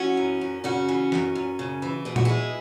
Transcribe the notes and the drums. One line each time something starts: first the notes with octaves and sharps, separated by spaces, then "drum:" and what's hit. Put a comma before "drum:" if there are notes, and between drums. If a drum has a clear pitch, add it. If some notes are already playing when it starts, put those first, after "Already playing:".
Already playing: E3 C#4 F#4
F#2
F#2
C#3 C#4 F#4
E3
F#2, drum: snare
F#2
C#3
E3
B2 G#4
F#4, drum: tom A#2
G#3 E4 G#4